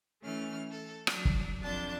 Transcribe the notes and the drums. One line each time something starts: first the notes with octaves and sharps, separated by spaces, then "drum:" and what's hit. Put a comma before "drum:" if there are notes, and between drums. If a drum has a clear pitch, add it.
E3 A3 C#4 F6
A4
F#3 D4, drum: rim click
drum: kick
F2 D4 A5 G6